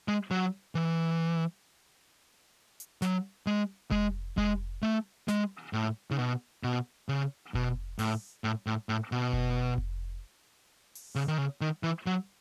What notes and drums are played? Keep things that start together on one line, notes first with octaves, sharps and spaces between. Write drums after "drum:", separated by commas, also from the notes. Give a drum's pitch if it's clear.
G#3
F#3
E3
drum: hi-hat
F#3, drum: snare
G#3
G#3, drum: kick F1
G#3, drum: kick F1
A3
G#3, drum: snare
A2
C#3, drum: tom D#4
B2
B2
C#3
B2, drum: kick F1
A2, drum: open hi-hat
A2
A2
A2
B2
drum: kick F1
drum: kick F1
drum: open hi-hat
C#3
D#3
C#3
D#3
E3
F#3